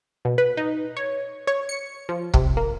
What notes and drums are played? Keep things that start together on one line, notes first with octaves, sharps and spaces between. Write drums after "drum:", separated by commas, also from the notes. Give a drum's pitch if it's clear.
B2
B4
D#4
C#5
C#5
C#7
F3
C3, drum: kick
A#3